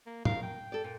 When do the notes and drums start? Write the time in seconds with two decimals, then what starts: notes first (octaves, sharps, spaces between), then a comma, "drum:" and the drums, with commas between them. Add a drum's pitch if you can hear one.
0.06 A#3
0.25 A#4 F5, drum: tom
0.43 G5
0.72 A4 D5
0.84 A#2